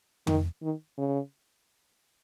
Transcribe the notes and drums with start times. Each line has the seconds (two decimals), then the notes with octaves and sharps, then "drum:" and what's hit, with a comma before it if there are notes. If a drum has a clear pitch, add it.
0.27 D#3, drum: tom F2
0.62 D#3
0.98 C#3